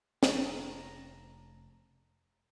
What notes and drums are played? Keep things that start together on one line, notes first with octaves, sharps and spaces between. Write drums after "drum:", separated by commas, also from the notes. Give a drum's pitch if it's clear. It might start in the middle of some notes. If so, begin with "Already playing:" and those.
F1 A5 A#5, drum: snare